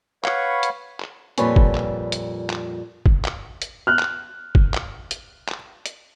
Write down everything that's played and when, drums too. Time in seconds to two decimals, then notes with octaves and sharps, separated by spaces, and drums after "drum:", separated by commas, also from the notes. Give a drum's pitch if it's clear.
0.24 B4 C#5 F5 F#5 B5 C#6, drum: clap
0.63 drum: hi-hat
1.00 drum: clap
1.38 F2 A#2 G3 B4 C#5 G#5, drum: hi-hat
1.56 drum: kick
1.75 drum: clap
2.12 drum: hi-hat
2.50 drum: clap
3.06 drum: kick
3.24 drum: clap
3.62 drum: hi-hat
3.87 F6 F#6
3.99 drum: clap
4.55 drum: kick
4.74 drum: clap
5.11 drum: hi-hat
5.48 drum: clap
5.86 drum: hi-hat